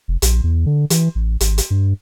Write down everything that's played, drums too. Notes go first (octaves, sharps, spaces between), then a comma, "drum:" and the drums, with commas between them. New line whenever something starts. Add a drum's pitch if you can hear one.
F1
A#1, drum: hi-hat
E2
D3
E3, drum: hi-hat
A1
G#1, drum: hi-hat
drum: hi-hat
G2